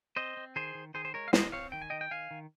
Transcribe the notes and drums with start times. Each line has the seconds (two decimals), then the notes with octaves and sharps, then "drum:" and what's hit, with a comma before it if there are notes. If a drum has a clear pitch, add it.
0.16 C4 C5 D#5
0.37 C4
0.56 D#3 G#4 C5
0.75 D#3
0.94 D#3 G#4 C5
1.05 C5
1.14 G#3 A#4 C#5
1.28 F5
1.33 D#3 C5 D#5, drum: snare
1.52 C4 C#5 F5
1.72 D#3 G5
1.82 G#5
1.90 D#3 D#5 G5
2.01 G5
2.11 D#3 F5 G#5
2.31 D#3